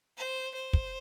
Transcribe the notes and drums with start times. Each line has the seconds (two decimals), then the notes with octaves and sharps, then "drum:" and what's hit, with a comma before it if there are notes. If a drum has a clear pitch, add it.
0.18 C5
0.55 C5
0.73 drum: kick